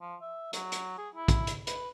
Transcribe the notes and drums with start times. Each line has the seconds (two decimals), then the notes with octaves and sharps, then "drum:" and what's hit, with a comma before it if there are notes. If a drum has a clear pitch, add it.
0.01 F3
0.21 E5
0.53 F#3, drum: hi-hat
0.72 drum: hi-hat
0.98 G#4
1.15 E4
1.28 drum: kick, hi-hat
1.47 drum: hi-hat
1.67 B4, drum: hi-hat